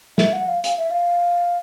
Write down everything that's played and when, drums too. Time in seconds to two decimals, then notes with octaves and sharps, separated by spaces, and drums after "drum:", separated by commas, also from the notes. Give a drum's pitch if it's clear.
0.18 E5, drum: snare
0.33 F#5
0.48 F5
0.64 F5, drum: hi-hat
0.78 E5
0.91 F5